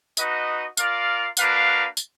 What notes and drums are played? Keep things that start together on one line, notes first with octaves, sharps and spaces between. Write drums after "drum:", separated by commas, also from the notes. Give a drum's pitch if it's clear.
D#4 F#4 B4 D#5, drum: tambourine
F4 A#4 D5 F5, drum: tambourine
A#3 D4 F#4 B4 F5, drum: tambourine
drum: tambourine